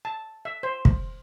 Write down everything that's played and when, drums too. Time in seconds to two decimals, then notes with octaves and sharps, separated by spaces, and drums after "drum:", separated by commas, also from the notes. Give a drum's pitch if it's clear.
0.05 A5
0.45 E5
0.63 C5
0.85 drum: kick